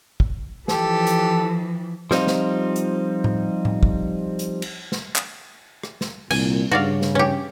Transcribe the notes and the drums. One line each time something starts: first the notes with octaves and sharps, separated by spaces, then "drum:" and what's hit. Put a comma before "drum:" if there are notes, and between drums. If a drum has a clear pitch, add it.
drum: kick
E3 F3 G4 A4, drum: snare
drum: hi-hat
F3 G3 C4 D#4 F4, drum: snare
drum: snare
drum: hi-hat
drum: tom A2
drum: tom A2
drum: kick
drum: hi-hat
drum: cymbal
drum: snare
drum: clap
drum: rim click
drum: snare
C2 A#2 G#5, drum: cymbal
G2 C#3 F#4 D5 F5
drum: snare
C#4 G4